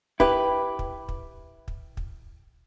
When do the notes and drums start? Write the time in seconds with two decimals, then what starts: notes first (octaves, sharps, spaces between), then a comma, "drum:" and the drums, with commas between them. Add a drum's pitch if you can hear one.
0.20 E4 G4 B4, drum: kick
0.79 drum: kick
1.09 drum: kick
1.68 drum: kick
1.97 drum: kick